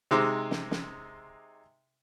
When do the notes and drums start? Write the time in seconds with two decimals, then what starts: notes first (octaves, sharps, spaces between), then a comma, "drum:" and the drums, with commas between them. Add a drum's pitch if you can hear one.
0.11 C3 G#3 D#4 C5 D6 E6
0.51 drum: snare
0.71 drum: snare